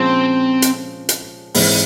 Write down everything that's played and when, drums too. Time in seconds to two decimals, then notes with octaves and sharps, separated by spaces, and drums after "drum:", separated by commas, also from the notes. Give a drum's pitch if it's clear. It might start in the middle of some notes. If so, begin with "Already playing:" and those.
Already playing: A#2 F3 G#3 C4 C#4 F4
0.62 drum: hi-hat
1.09 drum: hi-hat
1.54 G#2 E3 G#3 C4 E4, drum: open hi-hat